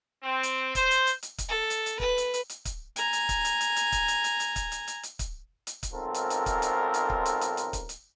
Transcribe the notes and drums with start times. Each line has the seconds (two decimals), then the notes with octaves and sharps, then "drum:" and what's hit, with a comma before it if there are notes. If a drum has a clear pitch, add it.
0.23 C4
0.43 drum: hi-hat
0.75 C5, drum: kick, hi-hat
0.91 drum: hi-hat
1.07 drum: hi-hat
1.23 drum: hi-hat
1.38 drum: kick, hi-hat
1.49 A4
1.70 drum: hi-hat
1.86 drum: hi-hat
2.00 B4, drum: kick
2.18 drum: hi-hat
2.34 drum: hi-hat
2.50 drum: hi-hat
2.65 drum: kick, hi-hat
2.96 G#5 A#5, drum: hi-hat
3.13 drum: hi-hat
3.29 drum: kick, hi-hat
3.45 drum: hi-hat
3.61 drum: hi-hat
3.76 drum: hi-hat
3.92 drum: kick, hi-hat
4.08 drum: hi-hat
4.24 drum: hi-hat
4.40 drum: hi-hat
4.56 drum: kick, hi-hat
4.72 drum: hi-hat
4.88 drum: hi-hat
5.03 drum: hi-hat
5.19 drum: kick, hi-hat
5.67 drum: hi-hat
5.83 drum: kick, hi-hat
5.92 B1 G#2 C4 F4 A4 A#4
6.14 drum: hi-hat
6.30 drum: hi-hat
6.46 drum: kick, hi-hat
6.62 drum: hi-hat
6.94 drum: hi-hat
7.10 drum: kick
7.26 drum: hi-hat
7.41 drum: hi-hat
7.57 drum: hi-hat
7.73 drum: kick, hi-hat
7.89 drum: hi-hat